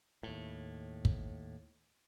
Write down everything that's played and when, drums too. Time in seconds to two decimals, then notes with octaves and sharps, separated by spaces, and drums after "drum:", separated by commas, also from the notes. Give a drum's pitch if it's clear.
0.23 D#2 A2
1.05 drum: kick